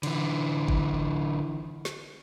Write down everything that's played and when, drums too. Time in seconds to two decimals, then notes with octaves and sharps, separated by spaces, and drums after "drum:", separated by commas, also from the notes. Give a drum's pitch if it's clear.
0.03 D3 E3, drum: cymbal
0.68 drum: kick G1
1.85 drum: snare